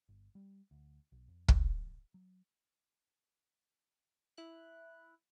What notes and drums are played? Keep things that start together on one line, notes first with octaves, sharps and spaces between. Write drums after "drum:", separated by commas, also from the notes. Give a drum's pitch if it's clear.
G1
G3
D2
B1
F2
E3, drum: kick
F#3
E4 F#6